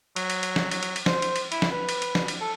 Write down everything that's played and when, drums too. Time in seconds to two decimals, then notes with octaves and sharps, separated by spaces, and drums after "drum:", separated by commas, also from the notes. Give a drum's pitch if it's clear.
0.16 F#3, drum: cymbal
0.30 drum: cymbal
0.43 drum: cymbal
0.56 drum: snare
0.71 F#3, drum: cymbal
0.83 drum: cymbal
0.96 drum: cymbal
1.06 C5, drum: snare
1.22 drum: cymbal
1.36 drum: cymbal
1.52 E4, drum: cymbal
1.62 drum: snare
1.72 B4
1.89 drum: cymbal
2.02 drum: cymbal
2.15 drum: snare
2.28 drum: cymbal
2.41 A4